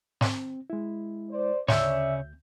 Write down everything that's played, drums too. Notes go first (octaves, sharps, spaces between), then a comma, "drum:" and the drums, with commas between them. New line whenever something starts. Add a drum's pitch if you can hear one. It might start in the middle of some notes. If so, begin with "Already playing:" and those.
C4, drum: snare
G#3 E4
C5 D5
D2 C#3 C#4 C#5 D5 E5 G6, drum: snare